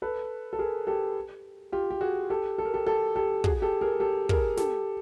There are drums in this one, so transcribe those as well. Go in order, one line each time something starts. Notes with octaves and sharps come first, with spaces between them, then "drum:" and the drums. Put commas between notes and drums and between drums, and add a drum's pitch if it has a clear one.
A4 B4
A4
G#4 A#4
G4 A4
F4 G4
G4
F#4 G#4
G4 A4
A4
A#4
G4 A4
G4 A4
G4 A4
F#4 G#4, drum: kick
G4 A4
G#4 A#4
G4 A4
G#4 A#4, drum: kick
G4 A4, drum: snare